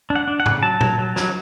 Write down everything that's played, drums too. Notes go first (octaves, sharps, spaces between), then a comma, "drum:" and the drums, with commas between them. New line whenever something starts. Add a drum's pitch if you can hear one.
D4
F#5
D4
F#5
C#3, drum: tom A2
F#3 A5
F#3, drum: tom A#2
F#3
F#3, drum: snare